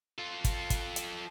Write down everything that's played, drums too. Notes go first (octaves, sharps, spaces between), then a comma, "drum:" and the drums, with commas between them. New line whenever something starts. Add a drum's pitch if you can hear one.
F4 A4
drum: kick, hi-hat
drum: kick, hi-hat
drum: hi-hat